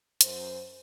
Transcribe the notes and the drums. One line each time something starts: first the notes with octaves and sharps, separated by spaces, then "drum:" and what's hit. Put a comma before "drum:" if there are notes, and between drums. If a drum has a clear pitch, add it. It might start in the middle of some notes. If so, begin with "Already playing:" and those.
F#2 C5, drum: hi-hat